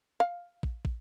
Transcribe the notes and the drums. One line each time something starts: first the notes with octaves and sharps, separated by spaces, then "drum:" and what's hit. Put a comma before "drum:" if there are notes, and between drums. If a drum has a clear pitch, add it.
F5
drum: kick
drum: kick